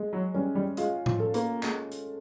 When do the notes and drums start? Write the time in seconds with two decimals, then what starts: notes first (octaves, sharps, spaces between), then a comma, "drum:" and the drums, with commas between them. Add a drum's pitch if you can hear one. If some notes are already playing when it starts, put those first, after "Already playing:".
Already playing: G#3
0.13 F#3
0.34 G3 C#4
0.55 G3
0.77 G#3 F4, drum: hi-hat
1.06 F3, drum: tom A2
1.20 A4
1.34 A#3, drum: hi-hat
1.63 G#3, drum: clap
1.92 drum: hi-hat